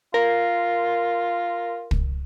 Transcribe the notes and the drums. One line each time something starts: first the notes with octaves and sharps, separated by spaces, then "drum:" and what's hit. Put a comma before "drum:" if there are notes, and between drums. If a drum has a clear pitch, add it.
F4 A#4
drum: kick